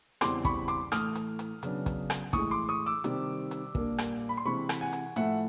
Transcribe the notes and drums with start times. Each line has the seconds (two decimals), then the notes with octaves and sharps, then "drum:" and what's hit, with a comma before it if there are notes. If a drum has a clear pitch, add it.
0.21 E2 C#3 E3 G3 C4 C6 D6, drum: rim click
0.45 B5 C#6, drum: kick, hi-hat
0.68 C6 D6, drum: hi-hat
0.92 A2 E3 A3 D#6 F6, drum: rim click
1.15 drum: hi-hat
1.39 drum: hi-hat
1.63 C#3 F#3 B3 D4, drum: hi-hat
1.86 drum: kick, hi-hat
2.10 drum: rim click
2.33 A2 E3 G#3 C#6 D#6, drum: kick, hi-hat
2.51 C6 D6
2.69 C#6 D#6
2.86 D6 E6
3.04 C3 D#3 G3 C4, drum: hi-hat
3.51 drum: hi-hat
3.75 A#2 G3 A#3 D4, drum: kick
3.98 drum: rim click
4.29 B5
4.37 C6
4.45 C3 E3 G#3 C4 B5 C#6
4.69 drum: rim click
4.81 F#5 G#5
4.93 drum: hi-hat
5.16 A2 F3 A3 E5 F#5, drum: hi-hat